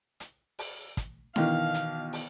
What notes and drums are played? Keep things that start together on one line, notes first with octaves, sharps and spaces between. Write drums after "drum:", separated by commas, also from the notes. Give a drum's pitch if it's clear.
drum: hi-hat
drum: open hi-hat
drum: kick, hi-hat
B2 D#3 E3 F5, drum: snare D4
drum: hi-hat
drum: open hi-hat